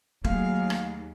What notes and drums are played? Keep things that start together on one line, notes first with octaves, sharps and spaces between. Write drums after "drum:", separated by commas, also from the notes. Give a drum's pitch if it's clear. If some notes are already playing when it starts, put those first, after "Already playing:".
D#2 F#3 A3 G#4 F5, drum: kick E1
drum: rim click